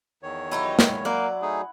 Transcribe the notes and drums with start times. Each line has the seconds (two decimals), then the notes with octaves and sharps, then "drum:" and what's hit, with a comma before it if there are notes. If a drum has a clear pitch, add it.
0.23 E2 D#3 C#5
0.51 F#3 D#4 E4 G4
0.79 drum: snare
1.05 F#3 A#3 D5 F#5
1.42 A3 D#4 G#4 G#5